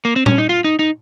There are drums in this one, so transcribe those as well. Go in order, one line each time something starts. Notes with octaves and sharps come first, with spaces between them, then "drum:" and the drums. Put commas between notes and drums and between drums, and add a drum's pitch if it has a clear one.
A#3
C4
C#4, drum: tom A#2
D#4
F4
D#4
D#4